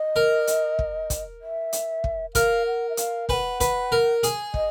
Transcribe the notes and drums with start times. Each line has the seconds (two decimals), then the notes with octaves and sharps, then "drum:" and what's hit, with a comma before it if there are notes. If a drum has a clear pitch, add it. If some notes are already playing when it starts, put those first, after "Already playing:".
Already playing: D#5
0.16 A#4
0.47 drum: hi-hat
0.79 drum: kick
1.10 drum: kick, hi-hat
1.41 E5
1.73 drum: hi-hat
2.04 drum: kick
2.35 A#4 F5, drum: kick, hi-hat
2.66 F#5
2.89 E5
2.97 F5, drum: hi-hat
3.29 B4 F#5 G#5, drum: kick
3.60 B4, drum: kick, hi-hat
3.92 A#4
4.23 G#4, drum: hi-hat
4.54 D#5, drum: kick